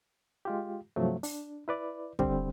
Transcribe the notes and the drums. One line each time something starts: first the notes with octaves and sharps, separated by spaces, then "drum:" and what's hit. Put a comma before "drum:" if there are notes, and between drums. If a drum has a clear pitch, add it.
G#3 F4 G4
G2 C3 F3 F#3 A3
D4, drum: open hi-hat
E4 B4 D5
D3 G3 C4, drum: kick